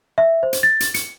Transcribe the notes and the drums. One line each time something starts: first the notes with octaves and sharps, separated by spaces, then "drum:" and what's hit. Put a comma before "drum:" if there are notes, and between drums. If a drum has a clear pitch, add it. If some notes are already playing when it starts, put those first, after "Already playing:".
E5
C5
drum: hi-hat
A6
drum: hi-hat
C#7, drum: hi-hat